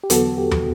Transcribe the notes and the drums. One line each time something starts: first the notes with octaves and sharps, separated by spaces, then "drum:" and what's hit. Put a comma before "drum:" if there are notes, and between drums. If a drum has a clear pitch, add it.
G4
E2 D3 F#3 B3 F#4 A4, drum: hi-hat
G4
drum: tom